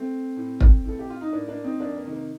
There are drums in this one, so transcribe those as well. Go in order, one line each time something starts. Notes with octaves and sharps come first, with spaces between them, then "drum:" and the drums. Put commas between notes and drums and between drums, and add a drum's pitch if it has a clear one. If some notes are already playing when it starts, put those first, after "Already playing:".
Already playing: A3 C4
A2
drum: kick
A2 A4
G4
F4
D#4
A2 A#3 D4
A#3 D4
C4 D#4
F2 A#3 D4
A#3
C3 D#3
A#3